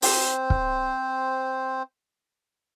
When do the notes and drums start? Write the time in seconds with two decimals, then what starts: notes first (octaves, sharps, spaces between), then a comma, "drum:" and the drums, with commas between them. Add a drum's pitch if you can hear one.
0.02 C4 C5, drum: open hi-hat
0.50 drum: kick